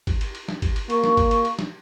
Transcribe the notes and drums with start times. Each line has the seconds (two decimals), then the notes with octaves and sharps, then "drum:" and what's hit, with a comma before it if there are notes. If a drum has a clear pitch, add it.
0.07 drum: kick, cymbal
0.21 drum: cymbal
0.35 drum: cymbal
0.48 drum: snare
0.62 drum: kick, cymbal
0.76 drum: cymbal
0.90 A#3 C#6, drum: cymbal
1.04 drum: snare
1.17 drum: kick, cymbal
1.31 drum: cymbal
1.45 drum: cymbal
1.59 drum: snare